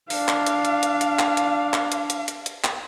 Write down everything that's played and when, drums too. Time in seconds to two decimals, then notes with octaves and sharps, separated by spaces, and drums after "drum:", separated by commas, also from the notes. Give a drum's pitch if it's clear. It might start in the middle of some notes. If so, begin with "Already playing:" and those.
0.10 D4 F5, drum: open hi-hat
0.28 drum: clap
0.47 drum: hi-hat
0.65 drum: hi-hat
0.83 drum: hi-hat
1.01 drum: hi-hat
1.19 drum: clap
1.37 drum: hi-hat
1.73 drum: clap
1.92 drum: hi-hat
2.10 drum: hi-hat
2.28 drum: hi-hat
2.46 drum: hi-hat
2.64 drum: clap